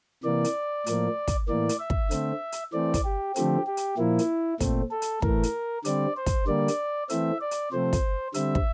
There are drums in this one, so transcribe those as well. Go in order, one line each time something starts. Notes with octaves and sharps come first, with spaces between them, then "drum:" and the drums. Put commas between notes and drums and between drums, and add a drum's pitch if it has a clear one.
C3 E3 A#3 D5
drum: hi-hat
A2 F3 A#3, drum: hi-hat
drum: kick, hi-hat
A2 E3 A#3 D5
drum: hi-hat
E5
drum: kick
D3 A3 C4, drum: hi-hat
drum: hi-hat
E3 A3 C4 D5
drum: kick, hi-hat
G4
D3 F3 A3 C4 G4, drum: hi-hat
G4
drum: hi-hat
A#2 F3 A#3 E4
drum: hi-hat
A#2 A3 C4, drum: kick, hi-hat
A4
drum: hi-hat
A2 E3 A3 A#4, drum: kick
drum: hi-hat
D3 G3 C4 D5, drum: hi-hat
C5
drum: kick, hi-hat
D3 G3 A#3 D5
drum: hi-hat
E3 A3 C4 E5, drum: hi-hat
D5
drum: hi-hat
C3 F3 A3 C4 C5
drum: kick, hi-hat
D3 G3 C4 E5, drum: hi-hat
drum: kick